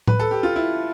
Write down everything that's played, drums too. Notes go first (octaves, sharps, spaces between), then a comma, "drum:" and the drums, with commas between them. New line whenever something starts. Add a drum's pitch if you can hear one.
B4, drum: tom A2
A4
G4
F4
E4